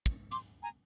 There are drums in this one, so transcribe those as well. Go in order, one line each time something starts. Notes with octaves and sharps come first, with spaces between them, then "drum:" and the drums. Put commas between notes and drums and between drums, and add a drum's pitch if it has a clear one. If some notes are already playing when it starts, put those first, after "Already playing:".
drum: kick
C6 D6, drum: hi-hat
G#5 A#5